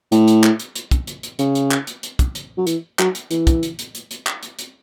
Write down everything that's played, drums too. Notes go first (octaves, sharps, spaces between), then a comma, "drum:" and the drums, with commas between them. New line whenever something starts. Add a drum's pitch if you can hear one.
A2, drum: hi-hat
drum: hi-hat
drum: clap
drum: hi-hat
drum: hi-hat
drum: kick, hi-hat
drum: hi-hat
drum: hi-hat
C#3, drum: hi-hat
drum: hi-hat
drum: clap
drum: hi-hat
drum: hi-hat
drum: kick, hi-hat
drum: hi-hat
F#3
E3, drum: hi-hat
F#3, drum: clap
drum: hi-hat
E3, drum: hi-hat
drum: kick, hi-hat
drum: hi-hat
drum: hi-hat
drum: hi-hat
drum: hi-hat
drum: clap
drum: hi-hat
drum: hi-hat